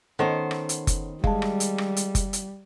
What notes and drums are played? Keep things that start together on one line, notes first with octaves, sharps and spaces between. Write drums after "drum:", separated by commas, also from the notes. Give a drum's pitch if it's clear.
D#3 B3 C#4 A4 C5 F#5 A5
drum: rim click
drum: hi-hat
drum: kick F#1, hi-hat
G3 G#3 F5 A5, drum: kick F#1
drum: rim click
drum: hi-hat
drum: rim click
drum: hi-hat
drum: kick F#1, hi-hat
drum: hi-hat